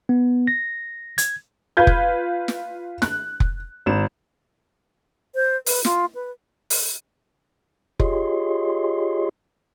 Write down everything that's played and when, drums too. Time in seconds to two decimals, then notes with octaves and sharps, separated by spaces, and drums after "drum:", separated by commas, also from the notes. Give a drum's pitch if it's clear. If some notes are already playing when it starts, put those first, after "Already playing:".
0.09 B3
0.47 A#6
1.18 G#6, drum: hi-hat
1.77 F4 B4 G6 G#6
1.87 drum: kick F1
2.48 drum: snare
3.02 F#6, drum: snare
3.40 drum: kick F1
3.86 G#1 E7
5.35 C5
5.66 B4, drum: open hi-hat
5.85 F4, drum: snare
6.15 B4
6.70 drum: open hi-hat
8.00 F4 G4 G#4 C#5 D#5 C6, drum: kick F1